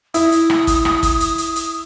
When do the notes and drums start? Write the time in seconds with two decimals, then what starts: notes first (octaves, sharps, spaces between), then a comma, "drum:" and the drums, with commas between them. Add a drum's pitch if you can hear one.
0.14 E4 D#6, drum: hi-hat
0.32 drum: hi-hat
0.50 drum: rim click
0.67 drum: kick, hi-hat
0.85 drum: rim click
1.03 drum: kick, hi-hat
1.20 drum: hi-hat
1.38 drum: hi-hat
1.56 drum: hi-hat